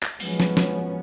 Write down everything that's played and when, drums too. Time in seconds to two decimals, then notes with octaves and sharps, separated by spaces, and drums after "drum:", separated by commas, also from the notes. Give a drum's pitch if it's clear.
0.03 drum: clap
0.20 F3 F#3 G#3 B3 C#4, drum: open hi-hat
0.40 drum: snare
0.57 drum: snare